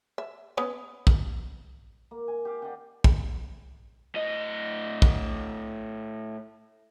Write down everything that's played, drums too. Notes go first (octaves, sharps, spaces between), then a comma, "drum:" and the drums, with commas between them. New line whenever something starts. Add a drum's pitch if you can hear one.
E5
B3 C#4
drum: kick A#1
A#3
G#5
G4 F5
D5 D#5 F#5 G5
drum: kick A#1
A2 D#5
drum: kick A#1